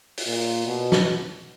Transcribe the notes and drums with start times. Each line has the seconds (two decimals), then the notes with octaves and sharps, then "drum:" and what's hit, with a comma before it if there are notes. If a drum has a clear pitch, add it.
0.17 drum: open hi-hat
0.27 A#2
0.67 B2
0.92 drum: snare